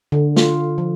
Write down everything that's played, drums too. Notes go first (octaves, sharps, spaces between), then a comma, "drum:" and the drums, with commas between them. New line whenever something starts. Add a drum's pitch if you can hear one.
D3
F4, drum: snare
F3